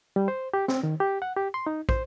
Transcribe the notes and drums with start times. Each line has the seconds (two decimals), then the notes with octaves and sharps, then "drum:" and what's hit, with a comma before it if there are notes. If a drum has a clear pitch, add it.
0.16 G3
0.28 C5
0.54 G4
0.68 C4, drum: snare
0.83 D#3
1.00 G4
1.22 F#5
1.37 G4
1.54 C6
1.67 D#4
1.89 C5, drum: kick